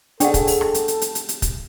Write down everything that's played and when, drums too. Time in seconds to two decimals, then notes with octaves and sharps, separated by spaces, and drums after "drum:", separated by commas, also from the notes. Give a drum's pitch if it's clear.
0.20 D4 G#4 A4 C#5 F#5 G5, drum: hi-hat
0.34 drum: kick, hi-hat
0.47 drum: open hi-hat
0.61 drum: rim click
0.74 drum: hi-hat
0.88 drum: hi-hat
1.02 drum: hi-hat
1.15 drum: hi-hat
1.29 drum: hi-hat
1.42 drum: kick, hi-hat